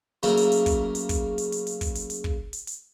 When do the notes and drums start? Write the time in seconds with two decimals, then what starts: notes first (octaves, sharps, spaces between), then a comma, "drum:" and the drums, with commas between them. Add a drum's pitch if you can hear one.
0.23 C#3 F#3 A3 A#3, drum: hi-hat
0.37 drum: hi-hat
0.52 drum: hi-hat
0.66 drum: kick, hi-hat
0.95 drum: hi-hat
1.09 drum: kick, hi-hat
1.38 drum: hi-hat
1.52 drum: hi-hat
1.67 drum: hi-hat
1.81 drum: kick, hi-hat
1.95 drum: hi-hat
2.10 drum: hi-hat
2.24 drum: kick
2.53 drum: hi-hat
2.67 drum: hi-hat